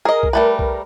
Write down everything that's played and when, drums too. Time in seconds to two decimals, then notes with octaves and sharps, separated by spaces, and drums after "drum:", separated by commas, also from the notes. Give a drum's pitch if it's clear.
0.05 G#4 A#4 D#5
0.23 drum: kick C2
0.33 G3 A3 B4
0.59 drum: kick C2